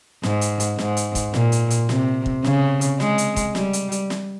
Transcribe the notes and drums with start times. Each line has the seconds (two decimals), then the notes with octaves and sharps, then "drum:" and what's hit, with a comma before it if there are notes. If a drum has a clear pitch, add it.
0.23 G#2, drum: snare
0.41 drum: hi-hat
0.60 drum: hi-hat
0.78 G#2, drum: snare
0.97 drum: hi-hat
1.15 drum: kick, hi-hat
1.34 A#2, drum: snare
1.52 drum: hi-hat
1.70 drum: hi-hat
1.89 C3, drum: snare
2.26 drum: kick
2.44 C#3, drum: snare
2.81 drum: hi-hat
3.00 G#3, drum: snare
3.18 drum: hi-hat
3.36 drum: kick, hi-hat
3.55 G3, drum: snare
3.73 drum: hi-hat
3.92 drum: hi-hat
4.10 drum: snare